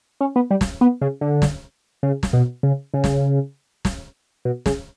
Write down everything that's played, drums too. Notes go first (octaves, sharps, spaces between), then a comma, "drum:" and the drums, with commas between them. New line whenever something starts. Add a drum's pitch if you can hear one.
C#4
B3
G3
drum: snare
B3
C#3
D3
drum: snare
C#3
drum: snare
B2
C#3
C#3
drum: snare
drum: snare
B2
C#3, drum: snare